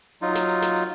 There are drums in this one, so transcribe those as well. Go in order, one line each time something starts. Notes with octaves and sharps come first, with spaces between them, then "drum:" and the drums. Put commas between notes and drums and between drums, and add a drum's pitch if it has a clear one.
F#3 D#4 F4
drum: snare
drum: hi-hat
drum: snare
drum: hi-hat